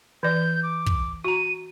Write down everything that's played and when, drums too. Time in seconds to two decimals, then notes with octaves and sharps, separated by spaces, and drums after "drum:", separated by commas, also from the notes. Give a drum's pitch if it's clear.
0.23 E3 D5 G6
0.63 D6
0.86 drum: kick
1.24 F#4 A#5 D#7